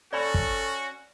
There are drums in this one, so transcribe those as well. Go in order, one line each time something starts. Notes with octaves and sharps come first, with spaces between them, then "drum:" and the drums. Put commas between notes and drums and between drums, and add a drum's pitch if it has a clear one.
C#4 F#4 A4 D5 B5
drum: kick